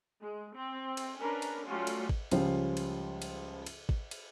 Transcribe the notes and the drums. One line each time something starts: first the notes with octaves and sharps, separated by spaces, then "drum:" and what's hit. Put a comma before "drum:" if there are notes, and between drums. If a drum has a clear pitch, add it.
G#3
C4
drum: cymbal
C#4 D4 A#4 B4
drum: cymbal
F#3 G3 A3 C#4 F4 F#4
drum: cymbal
drum: kick G#1
C#2 F3 G3 C#4 F4 C5, drum: cymbal
drum: cymbal
drum: cymbal
drum: cymbal
drum: kick G#1
drum: cymbal